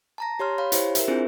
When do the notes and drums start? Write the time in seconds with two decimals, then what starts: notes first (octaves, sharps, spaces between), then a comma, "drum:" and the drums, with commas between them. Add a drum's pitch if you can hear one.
0.18 A5 A#5 A#6
0.39 G4 C#5 C6 F6
0.58 C#5 F5 B5
0.72 E4 G4 C5, drum: hi-hat
0.95 A#4 E5, drum: hi-hat
1.08 C4 D4 E4 F4 G#4 C5